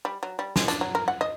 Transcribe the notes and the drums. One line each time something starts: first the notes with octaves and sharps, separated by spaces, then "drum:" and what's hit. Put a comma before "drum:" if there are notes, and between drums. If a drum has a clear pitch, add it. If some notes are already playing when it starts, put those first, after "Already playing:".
G3
F#3
G3
G#3, drum: snare
D4, drum: hi-hat
F#3
A#4
F#5
D#5